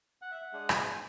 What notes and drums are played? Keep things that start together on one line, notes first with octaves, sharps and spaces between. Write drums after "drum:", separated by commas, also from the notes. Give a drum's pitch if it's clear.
F#5
E5
F#5
G#3 D4 G#4
drum: rim click
G#5